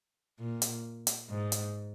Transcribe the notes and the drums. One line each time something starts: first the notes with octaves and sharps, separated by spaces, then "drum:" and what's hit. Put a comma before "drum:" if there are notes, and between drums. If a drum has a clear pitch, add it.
A#2
drum: hi-hat
drum: hi-hat
G#2
drum: hi-hat